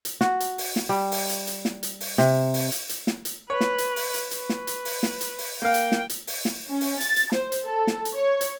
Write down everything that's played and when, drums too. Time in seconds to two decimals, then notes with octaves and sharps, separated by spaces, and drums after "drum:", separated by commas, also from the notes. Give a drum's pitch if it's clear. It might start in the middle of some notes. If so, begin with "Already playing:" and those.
0.05 drum: hi-hat
0.21 F#4, drum: snare
0.40 drum: hi-hat
0.58 drum: open hi-hat
0.76 drum: snare
0.89 G3
1.12 drum: open hi-hat
1.29 drum: hi-hat
1.47 drum: hi-hat
1.65 drum: snare
1.83 drum: hi-hat
2.00 drum: open hi-hat
2.18 C3, drum: snare
2.54 drum: open hi-hat
2.72 drum: hi-hat
2.89 drum: hi-hat
3.07 drum: snare
3.25 drum: hi-hat
3.50 B4 C#5
3.61 drum: snare
3.78 drum: hi-hat
3.96 drum: open hi-hat
4.14 drum: hi-hat
4.31 B4, drum: hi-hat
4.49 drum: snare
4.67 drum: hi-hat
4.85 drum: open hi-hat
5.03 drum: snare
5.21 drum: hi-hat
5.38 drum: open hi-hat
5.62 A#3 F5 G5
5.74 drum: hi-hat
5.92 drum: snare
6.10 drum: hi-hat
6.27 drum: open hi-hat
6.45 drum: snare
6.70 C#4
6.81 drum: open hi-hat
7.01 A6, drum: hi-hat
7.16 drum: hi-hat
7.32 C5, drum: snare
7.52 drum: hi-hat
7.65 A4
7.87 drum: snare
8.05 drum: hi-hat
8.15 C#5
8.41 drum: hi-hat